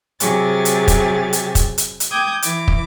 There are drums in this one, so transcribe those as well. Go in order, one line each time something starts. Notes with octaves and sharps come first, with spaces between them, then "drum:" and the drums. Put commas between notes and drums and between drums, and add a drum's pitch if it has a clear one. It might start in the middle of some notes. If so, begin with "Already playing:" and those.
C3 F#3 G4 G#4 G#5 A6, drum: hi-hat
drum: hi-hat
drum: kick, hi-hat
drum: hi-hat
drum: kick, hi-hat
drum: hi-hat
drum: hi-hat
G5 D6 D#6 G6 G#6
E3 D6, drum: hi-hat
drum: kick